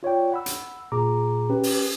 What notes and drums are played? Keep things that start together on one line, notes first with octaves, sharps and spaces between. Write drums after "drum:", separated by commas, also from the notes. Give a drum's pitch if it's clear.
F4 C#5 D5 G5
F#5 B5 E6
drum: hi-hat
A#2 G#4 A#5 D6
C#4 G4 B4
drum: open hi-hat